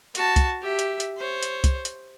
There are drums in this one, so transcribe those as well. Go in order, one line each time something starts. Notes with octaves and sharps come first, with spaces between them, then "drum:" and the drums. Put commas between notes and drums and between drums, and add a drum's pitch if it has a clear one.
F#4 A5, drum: hi-hat
drum: kick, hi-hat
G4 E5
drum: hi-hat
drum: hi-hat
C5 C#5
drum: hi-hat
drum: kick, hi-hat
drum: hi-hat